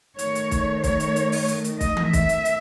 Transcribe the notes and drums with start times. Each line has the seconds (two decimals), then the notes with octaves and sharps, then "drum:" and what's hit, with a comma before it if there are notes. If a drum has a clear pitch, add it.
0.19 D#3 A3 C#5, drum: hi-hat
0.35 drum: hi-hat
0.51 drum: kick B1, hi-hat
0.84 C#5, drum: kick B1, hi-hat
1.00 drum: hi-hat
1.16 drum: hi-hat
1.32 drum: open hi-hat
1.48 drum: hi-hat
1.64 drum: hi-hat
1.81 D#5, drum: kick B1, hi-hat
1.97 drum: tom E3
2.13 E5, drum: kick B1, hi-hat
2.29 drum: hi-hat
2.45 drum: hi-hat